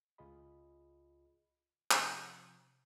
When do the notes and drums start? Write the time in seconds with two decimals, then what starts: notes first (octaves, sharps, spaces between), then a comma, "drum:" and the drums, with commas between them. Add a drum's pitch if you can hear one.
0.18 C#2 F4 G#4 D#5 B5
1.91 C3 F3, drum: clap